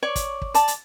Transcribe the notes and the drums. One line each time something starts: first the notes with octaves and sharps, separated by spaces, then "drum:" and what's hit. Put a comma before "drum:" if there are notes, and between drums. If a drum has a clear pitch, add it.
C#5 D5 C#6
drum: kick, hi-hat
drum: kick
D5 A5, drum: hi-hat
drum: hi-hat